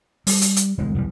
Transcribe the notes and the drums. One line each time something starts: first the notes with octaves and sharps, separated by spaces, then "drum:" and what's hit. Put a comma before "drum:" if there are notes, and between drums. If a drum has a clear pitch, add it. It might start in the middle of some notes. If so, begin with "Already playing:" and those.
G3, drum: open hi-hat
drum: hi-hat
drum: hi-hat
E1 D2 G#3
B1 E2 C3 G3